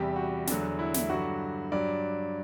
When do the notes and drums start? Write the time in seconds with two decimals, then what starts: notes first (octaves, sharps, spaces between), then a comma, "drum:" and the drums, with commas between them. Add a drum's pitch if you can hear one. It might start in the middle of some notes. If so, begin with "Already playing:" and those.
Already playing: E2 C3 G3 G4
0.16 F#4
0.47 E2 D3 F#3, drum: snare
0.79 E4
0.94 E4, drum: snare
1.09 G2 D3 F#3 F#4
1.72 G2 F#3 D5